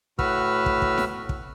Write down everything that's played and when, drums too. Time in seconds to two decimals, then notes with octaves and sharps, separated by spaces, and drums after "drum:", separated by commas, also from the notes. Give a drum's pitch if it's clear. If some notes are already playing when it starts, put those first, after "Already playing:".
0.19 A2 F#4 B4 E6 F6, drum: kick
0.66 drum: kick
0.82 drum: kick
0.98 drum: snare E4
1.29 drum: kick